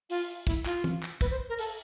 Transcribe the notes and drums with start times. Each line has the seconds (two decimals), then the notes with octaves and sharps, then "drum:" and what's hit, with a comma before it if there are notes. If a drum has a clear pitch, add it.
0.10 F4, drum: open hi-hat
0.47 E4, drum: kick, hi-hat
0.66 F4, drum: clap
0.84 drum: tom
1.03 drum: clap
1.21 B4, drum: kick, hi-hat
1.30 C5
1.49 A#4
1.59 A4, drum: open hi-hat